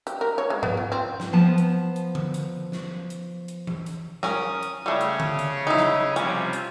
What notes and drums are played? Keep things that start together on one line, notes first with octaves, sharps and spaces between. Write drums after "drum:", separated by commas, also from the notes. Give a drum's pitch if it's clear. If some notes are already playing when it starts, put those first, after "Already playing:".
G4, drum: hi-hat
A#4
C#5
G#3
B3, drum: tom G#2
F4
C4
drum: snare
F3 B3 A5
drum: hi-hat
drum: hi-hat
drum: tom D3
drum: hi-hat
drum: snare
drum: hi-hat
drum: hi-hat
drum: tom E3
drum: hi-hat
C#4 A#4 D#6, drum: snare
drum: hi-hat
C#3 G3 A3 G#4 C#5
drum: hi-hat
drum: tom D3
drum: hi-hat
D#4 E4
drum: snare
C3 F3 G3 C#4, drum: hi-hat
drum: hi-hat